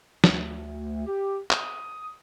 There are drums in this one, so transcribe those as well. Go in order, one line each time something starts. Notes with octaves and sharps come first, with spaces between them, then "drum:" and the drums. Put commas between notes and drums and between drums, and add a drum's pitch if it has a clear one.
D2, drum: snare
G4
D#6, drum: clap